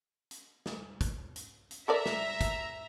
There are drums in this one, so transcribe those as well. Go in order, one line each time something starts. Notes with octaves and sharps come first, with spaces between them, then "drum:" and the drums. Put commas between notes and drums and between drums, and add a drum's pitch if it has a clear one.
drum: hi-hat
drum: snare
drum: kick, hi-hat
drum: hi-hat
drum: hi-hat
A4 A#4 D5 E5 A#5
drum: snare
drum: kick, hi-hat